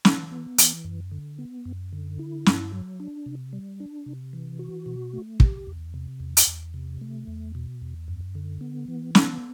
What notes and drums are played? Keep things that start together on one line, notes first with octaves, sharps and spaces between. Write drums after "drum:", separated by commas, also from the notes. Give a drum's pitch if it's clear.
E3, drum: snare
B3
E3, drum: hi-hat
F#2
D3
B3
F#2
D3
E4
G2, drum: snare
F#3
D4
C3
G3
D4
C3
E3
F#4
B2
A3
G4, drum: kick
E2
C3
E2
drum: hi-hat
E2
C3
A3
E2
B2
E2
F#2
D3
B3
E3
B3, drum: snare